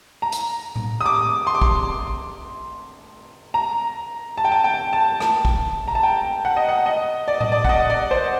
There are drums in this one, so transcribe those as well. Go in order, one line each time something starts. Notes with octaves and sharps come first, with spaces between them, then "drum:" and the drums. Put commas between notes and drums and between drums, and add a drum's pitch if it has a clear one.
A#5
drum: hi-hat
drum: tom A2
D#6
D6
C6
D6
C6, drum: kick
A#5
A5
G5
A5
G5
A5
A5, drum: rim click
drum: kick
A#5
A5
G5
F#5
D#5
F#5
D#5
D5
D#5, drum: tom A2
D5
F#5, drum: kick
D#5
D5
C5